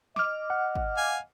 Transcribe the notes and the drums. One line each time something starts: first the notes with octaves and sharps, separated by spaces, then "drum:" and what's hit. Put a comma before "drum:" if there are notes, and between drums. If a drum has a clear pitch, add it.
D#5 D6 F6, drum: snare
F#5
drum: kick
F5 G#5